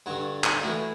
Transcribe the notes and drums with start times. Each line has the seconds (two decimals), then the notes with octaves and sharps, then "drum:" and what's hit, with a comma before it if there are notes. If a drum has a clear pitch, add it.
0.06 G2 D3 F#4
0.44 drum: clap
0.63 A2 E3 F#4